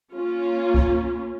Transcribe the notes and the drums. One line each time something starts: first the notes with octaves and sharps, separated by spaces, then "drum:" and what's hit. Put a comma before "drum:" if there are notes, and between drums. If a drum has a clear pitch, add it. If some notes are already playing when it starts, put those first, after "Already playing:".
A#3 C#4 F4
drum: kick C#2